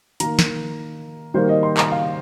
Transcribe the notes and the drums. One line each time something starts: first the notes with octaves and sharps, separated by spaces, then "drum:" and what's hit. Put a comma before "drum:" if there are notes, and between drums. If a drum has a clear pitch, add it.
D#3 A#3 A#5, drum: hi-hat
drum: snare
D#3 G3 A#3 C5
D#5
C6
A#5, drum: clap
F5